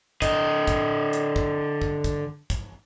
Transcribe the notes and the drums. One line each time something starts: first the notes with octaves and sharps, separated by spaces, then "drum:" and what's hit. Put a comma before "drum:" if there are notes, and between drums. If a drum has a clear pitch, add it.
D3 D#5, drum: kick, hi-hat
drum: kick, hi-hat
drum: hi-hat
drum: kick
drum: kick
drum: kick, hi-hat
drum: kick, hi-hat